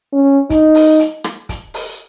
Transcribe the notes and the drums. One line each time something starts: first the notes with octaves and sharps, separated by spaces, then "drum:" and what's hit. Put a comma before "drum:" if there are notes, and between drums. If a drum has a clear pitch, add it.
C#4
D#4, drum: kick, hi-hat
drum: open hi-hat
drum: hi-hat
drum: rim click
drum: kick, hi-hat
drum: open hi-hat